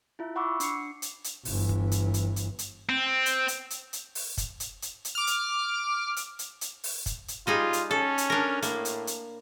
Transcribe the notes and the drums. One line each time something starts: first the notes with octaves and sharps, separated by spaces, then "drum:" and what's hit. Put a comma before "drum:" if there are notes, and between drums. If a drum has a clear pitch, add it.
E4 F4 E5
F#5 B5 C#6 D6 E6
D4 C7 C#7, drum: hi-hat
drum: hi-hat
drum: hi-hat
G1 E3, drum: open hi-hat
drum: kick
drum: hi-hat
drum: hi-hat
drum: hi-hat
drum: hi-hat
C4
drum: hi-hat
drum: hi-hat
drum: hi-hat
drum: hi-hat
drum: open hi-hat
drum: kick, hi-hat
drum: hi-hat
drum: hi-hat
drum: hi-hat
D6 F6
drum: hi-hat
drum: hi-hat
drum: hi-hat
drum: hi-hat
drum: open hi-hat
drum: kick, hi-hat
drum: hi-hat
G3 D#4 F4 G#4
drum: hi-hat
C#4 A4
drum: hi-hat
D4 A#4
A2 A#3, drum: hi-hat
drum: hi-hat
drum: hi-hat